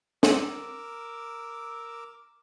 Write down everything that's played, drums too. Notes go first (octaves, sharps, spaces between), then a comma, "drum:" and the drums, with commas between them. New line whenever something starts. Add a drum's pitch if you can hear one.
A#4 D6 E6, drum: snare